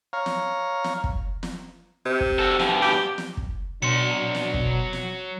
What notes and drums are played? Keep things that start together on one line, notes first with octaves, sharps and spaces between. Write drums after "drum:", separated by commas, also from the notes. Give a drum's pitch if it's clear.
C#5 F5 A#5
drum: snare
drum: snare
drum: kick
drum: snare
C3
drum: kick
F#4 A4
G2 B2, drum: snare
G4
drum: snare
drum: kick
B2 F#3 D4 C6 C#7
drum: snare
drum: kick
drum: snare